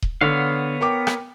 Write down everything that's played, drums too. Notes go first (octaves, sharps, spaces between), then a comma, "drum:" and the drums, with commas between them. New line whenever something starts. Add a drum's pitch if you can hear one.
drum: kick D#1
D3 B3 C#5 F5
A#4 G5 D6
drum: rim click